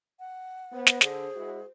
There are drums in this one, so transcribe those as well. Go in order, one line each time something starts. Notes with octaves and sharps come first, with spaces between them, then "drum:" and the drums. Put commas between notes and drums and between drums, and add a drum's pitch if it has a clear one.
F#5
B3 C5
drum: snare
D3 G#4, drum: snare
G#3 E4 F#4